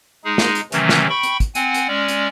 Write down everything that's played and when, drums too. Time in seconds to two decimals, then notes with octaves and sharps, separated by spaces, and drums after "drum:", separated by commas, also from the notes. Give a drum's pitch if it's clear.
0.25 G#3 D#4 G#4
0.38 drum: snare
0.55 drum: hi-hat
0.72 C3 D#3 E3 F#3 A3 C#4, drum: hi-hat
0.89 drum: snare
1.10 G5 B5 C#6
1.23 drum: hi-hat
1.40 drum: kick, hi-hat
1.55 C4 F#5 G#5, drum: hi-hat
1.74 drum: hi-hat
1.88 G#3 C#4 D5
2.08 drum: hi-hat